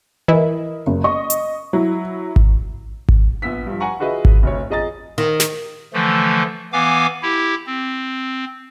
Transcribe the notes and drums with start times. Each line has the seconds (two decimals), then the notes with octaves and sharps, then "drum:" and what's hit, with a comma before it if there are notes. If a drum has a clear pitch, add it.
0.28 E3 E4 A#4 D#5
0.87 F#1
1.04 D#5 C#6
1.30 drum: hi-hat
1.73 F#3 E4
2.36 drum: kick G#1
3.09 drum: kick G#1
3.42 A#1 B3 E6 B6
3.67 G2 F3
3.80 F#5 G#5 A#5 C#6
4.00 F4 F#4 G#4 B4 D#5 E5
4.25 drum: kick G#1
4.43 F1 D2 C#5
4.70 F2 G#4 D#5 A#5 A6
5.18 D#3
5.40 drum: snare
5.93 D3 E3 F3 A3
6.73 E3 B3 F5 G#5 D6
7.22 E4 G4
7.66 C4